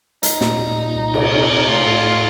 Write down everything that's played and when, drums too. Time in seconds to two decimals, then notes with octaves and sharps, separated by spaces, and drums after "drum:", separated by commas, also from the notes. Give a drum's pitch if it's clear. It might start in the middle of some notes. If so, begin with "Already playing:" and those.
0.23 G3 D#4, drum: hi-hat
0.41 A#2, drum: snare
0.59 G3
0.78 A#2
0.95 C2
1.14 C3, drum: cymbal
1.32 C3
1.51 C3
1.68 A3 F4
1.87 A2
2.04 A2